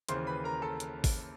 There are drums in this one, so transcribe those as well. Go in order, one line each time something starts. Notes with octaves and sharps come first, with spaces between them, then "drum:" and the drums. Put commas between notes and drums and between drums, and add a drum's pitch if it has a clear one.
D#2 C#3 E3 C5 C6, drum: hi-hat
B4 B5
A#4 A#5
A4 A5
drum: hi-hat
drum: kick G#1, open hi-hat